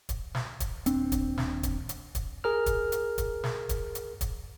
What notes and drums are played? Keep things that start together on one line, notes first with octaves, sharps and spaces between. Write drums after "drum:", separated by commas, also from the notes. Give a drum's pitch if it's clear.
drum: kick, hi-hat
drum: snare
drum: kick, hi-hat
D#1 C4 D4, drum: hi-hat
drum: kick, hi-hat
drum: snare
drum: kick, hi-hat
drum: hi-hat
drum: kick, hi-hat
G#4 A#4 F6
drum: kick, hi-hat
drum: hi-hat
drum: kick, hi-hat
drum: snare
drum: kick, hi-hat
drum: hi-hat
drum: kick, hi-hat